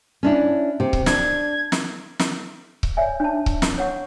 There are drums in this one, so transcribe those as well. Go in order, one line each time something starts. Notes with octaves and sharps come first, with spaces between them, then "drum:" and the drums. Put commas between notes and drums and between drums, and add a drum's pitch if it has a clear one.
C#4 D4 E4
C3
drum: kick C#1
D4 G#6, drum: snare
drum: snare
drum: snare
drum: kick C#1
C#5 D5 E5 G#5
D4 A5
drum: kick C#1
drum: snare
C#5 F#5 C#6